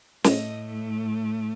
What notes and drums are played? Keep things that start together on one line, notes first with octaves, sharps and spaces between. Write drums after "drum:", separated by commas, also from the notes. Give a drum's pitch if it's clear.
A2 A3 D#5, drum: snare